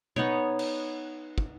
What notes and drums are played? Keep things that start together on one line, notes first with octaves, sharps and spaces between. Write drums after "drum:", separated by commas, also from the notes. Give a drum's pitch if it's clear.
B3 D#4 C#5, drum: tom B2
drum: cymbal
drum: kick